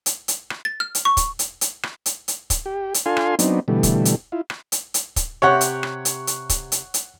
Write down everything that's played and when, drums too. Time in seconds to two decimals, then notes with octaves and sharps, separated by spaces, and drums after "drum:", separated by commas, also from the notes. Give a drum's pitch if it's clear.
0.06 drum: hi-hat
0.28 drum: hi-hat
0.50 drum: rim click
0.65 A6
0.80 F6
0.95 drum: hi-hat
1.05 C#6
1.17 drum: kick, hi-hat
1.39 drum: hi-hat
1.61 drum: hi-hat
1.83 drum: rim click
2.06 drum: hi-hat
2.28 drum: hi-hat
2.50 drum: kick, hi-hat
2.66 G4
2.94 drum: hi-hat
3.06 D4 F4 A4 F5 G#5 C6
3.17 drum: rim click
3.39 F#3 B3 C4 D4 D#4, drum: hi-hat
3.68 B2 D3 E3 G3 A3
3.83 drum: kick, hi-hat
4.05 drum: hi-hat
4.32 E4 F4
4.50 drum: rim click
4.72 drum: hi-hat
4.94 drum: hi-hat
5.16 drum: kick, hi-hat
5.42 C3 G4 C#5 F#5
5.61 drum: hi-hat
5.83 drum: rim click
6.05 drum: hi-hat
6.27 drum: hi-hat
6.49 drum: kick, hi-hat
6.72 drum: hi-hat
6.94 drum: hi-hat